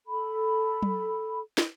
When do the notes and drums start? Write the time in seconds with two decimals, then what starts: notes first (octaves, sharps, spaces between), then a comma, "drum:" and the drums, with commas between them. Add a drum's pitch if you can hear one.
0.07 A4 B5
0.82 drum: tom F#3
1.58 drum: snare